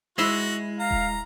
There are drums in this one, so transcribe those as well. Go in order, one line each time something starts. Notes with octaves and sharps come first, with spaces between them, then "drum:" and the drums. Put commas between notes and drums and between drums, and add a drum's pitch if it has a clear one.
G#3 E4 F#4 E5 C6
F5 A#5
drum: kick D#1